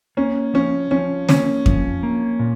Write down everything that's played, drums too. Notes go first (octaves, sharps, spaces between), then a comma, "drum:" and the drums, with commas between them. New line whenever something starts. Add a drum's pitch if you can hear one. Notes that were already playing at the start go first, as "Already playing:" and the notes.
A#3 C#4
F3 C#4
F3 C#4
A#3 C#4, drum: snare
F3, drum: kick F2
A#3
A#2